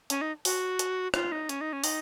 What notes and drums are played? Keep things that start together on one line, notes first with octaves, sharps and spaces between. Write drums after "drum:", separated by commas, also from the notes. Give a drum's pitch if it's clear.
C#4, drum: hi-hat
D#4
F#4, drum: open hi-hat
drum: hi-hat
F4, drum: rim click
D#4
C#4, drum: hi-hat
D#4
C#4
D#4, drum: open hi-hat